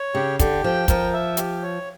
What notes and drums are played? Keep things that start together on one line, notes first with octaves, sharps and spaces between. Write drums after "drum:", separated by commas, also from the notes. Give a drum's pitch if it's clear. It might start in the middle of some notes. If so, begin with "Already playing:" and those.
Already playing: C#5
C#3 G4
D3 G4, drum: kick, hi-hat
F3 G5
F3 A#4, drum: kick, hi-hat
E5
G4, drum: hi-hat
C#5